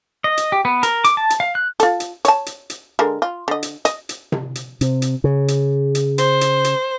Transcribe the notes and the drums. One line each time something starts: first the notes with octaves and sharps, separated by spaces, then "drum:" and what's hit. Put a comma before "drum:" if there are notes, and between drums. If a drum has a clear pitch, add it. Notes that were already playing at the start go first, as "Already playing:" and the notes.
D#5
drum: hi-hat
G4
B3
A#4, drum: hi-hat
D6, drum: hi-hat
A5
drum: hi-hat
F5
F#6
F4 A4, drum: hi-hat
drum: hi-hat
C#5 A5, drum: hi-hat
drum: hi-hat
drum: hi-hat
D3 G#3 A#4
F4
D3 D#5
drum: hi-hat
D#5, drum: hi-hat
drum: hi-hat
drum: tom C3
drum: hi-hat
C3, drum: hi-hat
drum: hi-hat
C#3
drum: hi-hat
drum: hi-hat
C5, drum: hi-hat
drum: hi-hat
drum: hi-hat